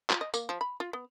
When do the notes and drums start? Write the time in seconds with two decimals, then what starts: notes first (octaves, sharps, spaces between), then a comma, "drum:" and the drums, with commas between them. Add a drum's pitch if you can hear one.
0.10 F4, drum: clap
0.21 D#5
0.34 A#3, drum: tambourine
0.49 F3
0.61 B5
0.80 F4
0.93 B3